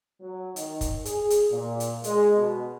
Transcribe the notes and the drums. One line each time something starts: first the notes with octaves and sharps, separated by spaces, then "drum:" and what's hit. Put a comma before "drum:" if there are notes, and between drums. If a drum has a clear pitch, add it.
F#3
D#3, drum: hi-hat
drum: kick, hi-hat
G#4, drum: hi-hat
drum: hi-hat
A#2
drum: hi-hat
G#3, drum: hi-hat
B2